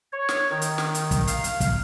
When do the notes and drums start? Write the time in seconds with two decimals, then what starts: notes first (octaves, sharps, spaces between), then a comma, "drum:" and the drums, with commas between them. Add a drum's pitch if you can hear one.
0.13 C#5
0.29 drum: snare
0.50 D#3
0.62 drum: hi-hat
0.78 drum: snare
0.95 drum: hi-hat
1.11 drum: kick, hi-hat
1.27 F5, drum: hi-hat
1.44 drum: hi-hat
1.60 drum: kick, hi-hat